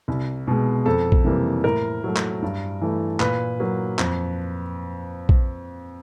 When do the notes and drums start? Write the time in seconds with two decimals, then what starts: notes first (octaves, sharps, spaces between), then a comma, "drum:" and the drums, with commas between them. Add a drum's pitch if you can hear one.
0.08 C2
0.48 B2 G#3
0.86 F2 A4
1.12 drum: kick A#1
1.24 C3 E3 G3 A#3
1.64 A2 A#4
2.04 F#3 A3
2.16 drum: clap
2.42 G2
2.81 E3 A3
3.20 A#2 B4, drum: clap
3.60 F#3 A#3
3.99 F2, drum: clap
5.29 drum: kick A#1